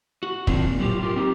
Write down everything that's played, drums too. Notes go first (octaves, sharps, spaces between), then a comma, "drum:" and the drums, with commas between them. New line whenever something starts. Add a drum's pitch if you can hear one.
F#4
D#3 F#3 C4 D4 F4, drum: kick
A#2
A2 F#3 F4 G4
F4 G4 A#4
C4 D#4 G4